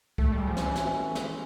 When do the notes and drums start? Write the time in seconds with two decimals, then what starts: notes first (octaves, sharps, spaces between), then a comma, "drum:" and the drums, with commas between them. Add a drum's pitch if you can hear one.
0.18 A3 A4, drum: kick C2
0.32 G3
0.38 G#3
0.47 F3
0.57 E3 C#4, drum: snare
0.76 F#4, drum: snare
0.95 A4
1.15 G#3, drum: snare